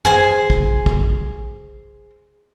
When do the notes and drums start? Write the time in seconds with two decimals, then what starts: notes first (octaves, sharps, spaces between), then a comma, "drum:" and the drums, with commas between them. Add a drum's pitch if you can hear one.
0.05 G#4 C5 G#5, drum: tom
0.50 drum: kick
0.86 drum: kick